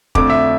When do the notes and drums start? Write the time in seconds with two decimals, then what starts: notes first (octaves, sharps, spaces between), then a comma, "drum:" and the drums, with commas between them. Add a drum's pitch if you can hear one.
0.15 F2 D3 A3 D6, drum: kick
0.30 E5